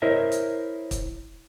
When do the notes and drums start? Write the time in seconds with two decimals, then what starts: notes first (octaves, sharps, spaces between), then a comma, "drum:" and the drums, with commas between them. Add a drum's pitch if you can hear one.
0.02 E4 A#4 C5 C#5 D#5 E5
0.32 drum: hi-hat
0.91 drum: kick, hi-hat